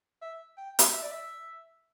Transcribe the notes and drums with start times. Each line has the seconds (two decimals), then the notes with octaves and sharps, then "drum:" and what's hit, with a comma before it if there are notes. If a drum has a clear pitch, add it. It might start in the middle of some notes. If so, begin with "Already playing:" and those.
0.22 E5
0.58 G5
0.79 drum: hi-hat
0.93 E5
1.03 D5
1.12 E5